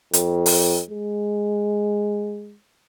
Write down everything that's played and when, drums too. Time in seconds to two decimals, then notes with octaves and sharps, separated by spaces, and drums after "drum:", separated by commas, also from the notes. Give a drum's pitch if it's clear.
0.13 F2, drum: hi-hat
0.46 drum: open hi-hat
0.91 G#3